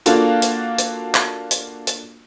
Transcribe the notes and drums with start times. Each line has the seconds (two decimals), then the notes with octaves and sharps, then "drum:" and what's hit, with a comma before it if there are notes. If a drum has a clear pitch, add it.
0.06 A#3 D4 F4 F#4 A4, drum: hi-hat
0.42 drum: hi-hat
0.78 drum: hi-hat
1.14 drum: clap
1.51 drum: hi-hat
1.87 drum: hi-hat